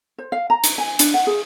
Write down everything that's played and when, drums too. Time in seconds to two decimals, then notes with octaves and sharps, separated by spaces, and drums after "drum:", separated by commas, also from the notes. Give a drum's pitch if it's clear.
0.18 C5
0.32 F5
0.50 A#5
0.64 drum: hi-hat
0.78 G#5
0.99 D4, drum: hi-hat
1.14 F#5
1.27 G#4